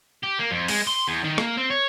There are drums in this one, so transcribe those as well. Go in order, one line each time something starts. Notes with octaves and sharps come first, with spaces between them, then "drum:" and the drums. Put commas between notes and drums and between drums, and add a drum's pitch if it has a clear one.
G4
A#3
F2
G#3, drum: open hi-hat
C6
E2
D#3
A#3, drum: rim click
C4
C#5